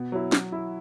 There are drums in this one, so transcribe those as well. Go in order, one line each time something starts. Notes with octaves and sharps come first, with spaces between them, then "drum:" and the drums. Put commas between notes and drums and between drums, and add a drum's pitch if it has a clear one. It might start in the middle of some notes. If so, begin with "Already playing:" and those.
Already playing: B2
F#3 E4
F#3, drum: snare
E4